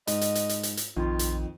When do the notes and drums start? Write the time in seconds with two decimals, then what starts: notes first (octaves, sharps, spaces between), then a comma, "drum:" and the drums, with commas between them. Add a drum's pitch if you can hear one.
0.07 G#2 D#5, drum: hi-hat
0.21 drum: hi-hat
0.35 drum: hi-hat
0.49 drum: hi-hat
0.63 drum: hi-hat
0.77 drum: hi-hat
0.96 A#1 F2 D#3 F4
1.19 drum: hi-hat